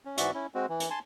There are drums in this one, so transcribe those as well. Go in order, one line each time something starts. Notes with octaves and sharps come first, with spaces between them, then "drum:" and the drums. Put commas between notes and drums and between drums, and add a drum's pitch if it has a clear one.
C#4
G#2 E3 F#4 D5 E5 C#6, drum: hi-hat
C#4 E4
G#3 C4 F#4
E3
drum: hi-hat
G#5 A5 C6